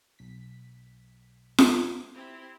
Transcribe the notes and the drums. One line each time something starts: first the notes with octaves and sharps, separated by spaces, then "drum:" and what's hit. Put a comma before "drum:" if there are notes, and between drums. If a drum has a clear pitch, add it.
B1 B6
drum: snare F4
C4 E4 G4